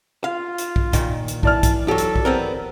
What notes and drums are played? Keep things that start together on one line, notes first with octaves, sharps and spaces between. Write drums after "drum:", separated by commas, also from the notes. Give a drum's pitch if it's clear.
F4 F5
drum: hi-hat
drum: kick
A#2 D#3, drum: kick, hi-hat
drum: hi-hat
E3 D5 A5 F6, drum: kick
drum: kick, hi-hat
F#3 G4 A4
drum: hi-hat
drum: kick
B3 C4 A#4